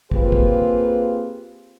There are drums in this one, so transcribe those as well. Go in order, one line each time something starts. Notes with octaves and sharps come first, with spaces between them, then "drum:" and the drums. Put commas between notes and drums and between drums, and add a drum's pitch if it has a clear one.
A#3 C4 F4 G4 G#4 B4, drum: kick
drum: kick